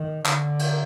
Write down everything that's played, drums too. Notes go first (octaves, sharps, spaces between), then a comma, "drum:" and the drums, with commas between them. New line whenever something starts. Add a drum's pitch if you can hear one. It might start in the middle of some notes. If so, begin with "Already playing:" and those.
Already playing: D#3
D3, drum: clap
drum: cymbal